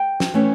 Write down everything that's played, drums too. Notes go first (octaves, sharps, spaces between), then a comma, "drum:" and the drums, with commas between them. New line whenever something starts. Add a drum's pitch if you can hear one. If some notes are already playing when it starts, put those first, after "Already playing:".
Already playing: G5
drum: snare
E3 A3 C#4